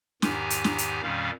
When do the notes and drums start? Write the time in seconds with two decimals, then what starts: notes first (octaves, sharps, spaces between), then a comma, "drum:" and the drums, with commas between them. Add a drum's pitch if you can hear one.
0.22 E2 G#2 D#3 G4 G#5 A#5, drum: snare
0.50 drum: hi-hat
0.64 drum: snare
0.78 drum: hi-hat
1.03 F2 A#2 D#3 G3 C#4 F5